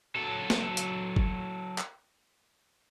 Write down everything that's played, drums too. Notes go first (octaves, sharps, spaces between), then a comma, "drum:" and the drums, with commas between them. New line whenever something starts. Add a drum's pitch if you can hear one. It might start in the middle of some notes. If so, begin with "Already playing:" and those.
F#3 A4
drum: snare
drum: hi-hat
drum: kick G1
drum: clap